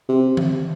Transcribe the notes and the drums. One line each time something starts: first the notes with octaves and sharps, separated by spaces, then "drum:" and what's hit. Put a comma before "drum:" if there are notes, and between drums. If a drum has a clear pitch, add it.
C3
drum: tom D#3